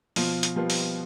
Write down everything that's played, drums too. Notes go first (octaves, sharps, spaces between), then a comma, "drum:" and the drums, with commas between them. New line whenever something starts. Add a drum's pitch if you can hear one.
B2 F3 F4, drum: open hi-hat
drum: hi-hat
F3 G3 B3 F4
drum: open hi-hat